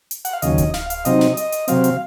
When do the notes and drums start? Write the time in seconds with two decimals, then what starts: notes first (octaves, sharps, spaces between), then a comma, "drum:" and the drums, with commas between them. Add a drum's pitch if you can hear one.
0.11 drum: hi-hat
0.25 F#5, drum: hi-hat
0.33 F5
0.42 D#2 C#3 F#3 C#4 D#5, drum: hi-hat
0.58 drum: kick D1, hi-hat
0.74 F5, drum: snare
0.90 F5, drum: hi-hat
1.05 C3 F#3 C4 D#4 D#5, drum: hi-hat
1.21 drum: snare
1.37 D#5, drum: hi-hat
1.52 drum: hi-hat
1.68 C3 F#3 C4 F5, drum: hi-hat
1.84 drum: hi-hat